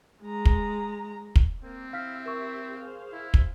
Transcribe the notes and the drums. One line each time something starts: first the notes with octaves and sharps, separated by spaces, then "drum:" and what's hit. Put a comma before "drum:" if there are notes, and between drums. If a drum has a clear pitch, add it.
G#3 A#5
drum: kick
drum: kick
A#3 C4
E4 G4 E5 F5 F6 B6
A#4 C#6
G#4 C5 F5
E4
drum: kick